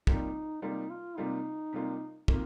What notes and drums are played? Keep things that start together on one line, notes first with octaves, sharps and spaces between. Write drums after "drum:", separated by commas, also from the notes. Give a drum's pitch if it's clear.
C3 G3 A#3 D#4 F4, drum: kick
C3 G3 A#3 D#4 F4
F4
C3 G3 A#3 D#4 F4
C3 G3 A#3 F4
C3 D#3 A#3 F4, drum: kick